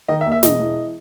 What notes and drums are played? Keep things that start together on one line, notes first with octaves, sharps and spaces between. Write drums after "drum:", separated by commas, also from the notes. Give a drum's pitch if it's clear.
D#3 D#5
E5
D#2
E5
E1 D#5, drum: snare
E3